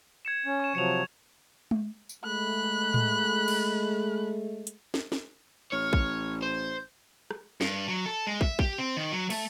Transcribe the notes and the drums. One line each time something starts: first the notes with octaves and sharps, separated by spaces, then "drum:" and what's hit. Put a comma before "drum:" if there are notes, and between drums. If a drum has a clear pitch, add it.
G#6 C#7 E7
C#4
C#6 E7
C3 F3 F#3 C#7 E7 F7
drum: tom G#3
drum: tambourine
G#3 A3 B5 F#6
drum: tom A2
drum: cymbal
drum: hi-hat
drum: snare
drum: snare
A1 C#5 F6
drum: kick
C5 G6
drum: rim click
G2, drum: snare
F#3
A4
G#3
E5, drum: kick
G4, drum: kick
C4
D#3
F#3
A3, drum: cymbal